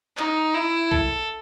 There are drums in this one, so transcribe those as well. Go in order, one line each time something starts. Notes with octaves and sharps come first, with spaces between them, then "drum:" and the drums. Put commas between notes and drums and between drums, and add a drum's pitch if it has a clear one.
D#4, drum: clap
E4
A4, drum: kick A#1